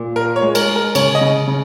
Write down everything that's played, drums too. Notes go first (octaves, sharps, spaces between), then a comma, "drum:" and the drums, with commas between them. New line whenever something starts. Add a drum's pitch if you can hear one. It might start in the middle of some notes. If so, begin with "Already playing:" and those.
Already playing: A#2
F4 A#4
C#5
G#3
A#4, drum: cymbal
G#3
A#4
C#3 C#5, drum: cymbal
D#5
C#3
C#3